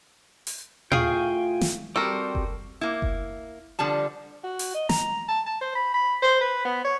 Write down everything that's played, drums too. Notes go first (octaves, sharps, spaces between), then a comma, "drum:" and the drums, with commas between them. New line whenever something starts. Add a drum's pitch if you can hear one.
drum: open hi-hat
A3 E4 F4 G#4 F5 G5 G#5 C#6, drum: tom A#2
drum: snare
G3 C4 F#4 G4 A4 A#4
drum: kick F#1
A#3 E4
drum: kick F#1
D3 F3 G3 A5
F#4
drum: open hi-hat
D#5
A#5, drum: snare
A5
A5
C5
B5
B5
C5
B4
B3
C#5